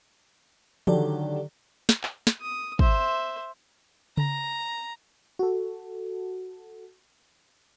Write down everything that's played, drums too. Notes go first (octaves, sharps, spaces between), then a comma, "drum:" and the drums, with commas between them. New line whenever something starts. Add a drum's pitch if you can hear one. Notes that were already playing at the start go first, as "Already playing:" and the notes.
D3 D#3 F#3 G4 A4 D5, drum: tom E3
drum: snare
drum: clap
drum: snare
D#6
C5 E5, drum: kick
A#5, drum: tom C#3
F#4 A4